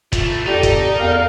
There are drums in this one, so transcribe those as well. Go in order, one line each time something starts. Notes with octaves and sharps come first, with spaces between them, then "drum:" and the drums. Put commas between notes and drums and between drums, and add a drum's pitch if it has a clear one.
E3 A3 F4, drum: kick, hi-hat
F2 D#4 G4 A4 D5
drum: kick, hi-hat
E2 A#4 F5